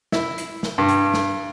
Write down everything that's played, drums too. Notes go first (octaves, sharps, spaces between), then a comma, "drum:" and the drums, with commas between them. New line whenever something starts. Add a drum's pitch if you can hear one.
E4, drum: snare
drum: hi-hat
drum: snare
G2
drum: hi-hat
drum: snare